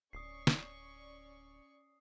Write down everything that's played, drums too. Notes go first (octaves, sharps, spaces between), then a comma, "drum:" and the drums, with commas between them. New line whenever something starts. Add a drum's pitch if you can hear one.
D1 C#4 D5 C#6 D#6 C7
drum: snare